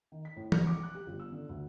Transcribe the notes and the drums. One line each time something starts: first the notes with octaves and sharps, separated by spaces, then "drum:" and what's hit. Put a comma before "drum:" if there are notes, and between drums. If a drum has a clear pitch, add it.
D#3
B6
A2
C#7, drum: tom
D6
F#6
G4
G1
E6
D3
D2